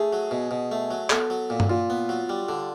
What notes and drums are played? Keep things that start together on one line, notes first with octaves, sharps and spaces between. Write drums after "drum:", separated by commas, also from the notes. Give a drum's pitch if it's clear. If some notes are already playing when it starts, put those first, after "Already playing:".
Already playing: A3 G#4
F#3
B2
B2
A3
F#3
B3 A4, drum: clap
F#3
A#2
drum: tom G2
A#2 F4
B3
F#3
G3
D3